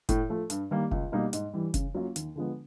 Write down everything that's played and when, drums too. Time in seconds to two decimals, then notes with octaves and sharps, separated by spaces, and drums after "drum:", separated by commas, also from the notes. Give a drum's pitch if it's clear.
0.09 A2, drum: kick F1, hi-hat
0.29 F3 A3
0.50 G2, drum: hi-hat
0.71 D#3 G3 A#3
0.91 C#2, drum: kick F1
1.12 B2 G3 A#3 D#4
1.33 G#2, drum: hi-hat
1.53 E3 G3
1.74 C#3, drum: kick F1, hi-hat
1.94 F#3 A#3 C#4 F4
2.16 D#2, drum: hi-hat
2.36 D3 F3 G#3 B3